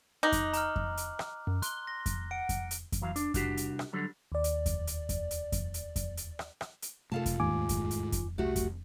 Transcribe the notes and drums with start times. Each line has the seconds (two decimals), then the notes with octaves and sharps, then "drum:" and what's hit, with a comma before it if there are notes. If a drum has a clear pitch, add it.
0.23 D#4 D6 F#6 F#7
0.32 drum: kick F2, hi-hat
0.53 A#5 F6, drum: hi-hat
0.76 drum: kick F2
0.97 drum: hi-hat
1.19 drum: rim click
1.47 F#2
1.62 C6 F#6 G7, drum: hi-hat
1.87 A#6
2.06 drum: kick F2, hi-hat
2.31 F#5 D7
2.49 drum: kick F2, hi-hat
2.71 drum: hi-hat
2.92 drum: kick F2, hi-hat
3.01 E3 F#3 F5
3.16 D4, drum: hi-hat
3.34 C2 D4 F#4 G4, drum: kick F2, hi-hat
3.57 drum: hi-hat
3.79 drum: rim click
3.93 D3 F#3 G3
4.32 D#2 D5
4.44 drum: hi-hat
4.66 drum: kick F2, hi-hat
4.87 drum: hi-hat
5.09 drum: kick F2, hi-hat
5.31 drum: hi-hat
5.52 drum: kick F2, hi-hat
5.74 drum: hi-hat
5.96 drum: kick F2, hi-hat
6.17 drum: hi-hat
6.39 drum: rim click
6.61 drum: rim click
6.82 drum: hi-hat
7.12 C3 A3 F4 A4 F5 A5
7.26 drum: kick F2, hi-hat
7.40 D#2 G#2 G#3 A3 G#5 D6
7.69 drum: kick F2, hi-hat
7.91 drum: hi-hat
8.12 drum: kick F2, hi-hat
8.38 C2 A3 F#4 G4
8.56 drum: kick F2, hi-hat